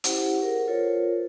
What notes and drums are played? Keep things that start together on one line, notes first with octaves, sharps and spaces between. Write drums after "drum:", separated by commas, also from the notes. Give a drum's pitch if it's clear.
C#4 E4 G4 C5 F#5, drum: hi-hat
G#4 A#4 F#5
F4 A4 A#4 C5 C#5